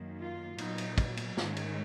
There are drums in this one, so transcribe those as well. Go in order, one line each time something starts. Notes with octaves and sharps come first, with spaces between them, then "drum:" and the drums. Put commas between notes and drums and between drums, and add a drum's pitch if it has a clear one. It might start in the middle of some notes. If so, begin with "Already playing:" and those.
Already playing: F#2 D#3 A#3
F4
A#2 F#3 B3 D#4, drum: cymbal
drum: cymbal
drum: kick, cymbal
drum: cymbal
G#2 D#3 G#3 C#4, drum: snare
drum: cymbal